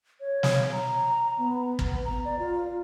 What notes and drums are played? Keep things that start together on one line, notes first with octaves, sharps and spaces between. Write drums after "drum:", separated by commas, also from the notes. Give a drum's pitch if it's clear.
C#5
drum: snare
A#5
B3
drum: kick
A#5
D5
F4